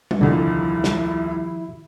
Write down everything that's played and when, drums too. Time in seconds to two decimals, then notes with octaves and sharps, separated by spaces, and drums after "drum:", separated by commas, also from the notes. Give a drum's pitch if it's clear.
0.11 drum: tom G3
0.21 D#1 C2 A#2 D3 D#3 F3 E4
0.84 drum: snare